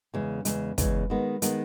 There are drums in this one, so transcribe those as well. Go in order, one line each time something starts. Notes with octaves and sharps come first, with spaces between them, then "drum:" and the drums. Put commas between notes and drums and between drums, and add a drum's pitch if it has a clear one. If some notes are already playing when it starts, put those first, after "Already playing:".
E2 C#3 G#3
E2 C#3 G#3, drum: hi-hat
E2 C#3 G#3, drum: kick, hi-hat
D#3 G#3 B3
D#3 G#3 B3, drum: hi-hat